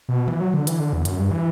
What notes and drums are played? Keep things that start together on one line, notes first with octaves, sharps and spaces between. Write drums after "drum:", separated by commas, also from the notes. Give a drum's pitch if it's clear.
B2
E3, drum: tom D#3
F#3
D3
E3, drum: hi-hat
D3
E2
F#2, drum: hi-hat
G2
E3